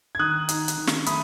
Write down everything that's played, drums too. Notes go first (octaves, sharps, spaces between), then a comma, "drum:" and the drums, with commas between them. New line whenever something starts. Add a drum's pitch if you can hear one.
G#6
D#3 D#6 F#6
D#4, drum: hi-hat
drum: hi-hat
D#3
drum: snare
A3 B5 D#6, drum: hi-hat